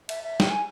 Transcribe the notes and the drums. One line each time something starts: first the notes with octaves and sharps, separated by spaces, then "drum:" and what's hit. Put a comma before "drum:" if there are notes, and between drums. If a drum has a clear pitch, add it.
E5, drum: cymbal
E5
G5, drum: snare
G#5